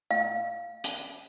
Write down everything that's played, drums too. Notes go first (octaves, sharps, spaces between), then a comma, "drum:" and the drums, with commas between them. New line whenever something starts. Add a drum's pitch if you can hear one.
F5
drum: hi-hat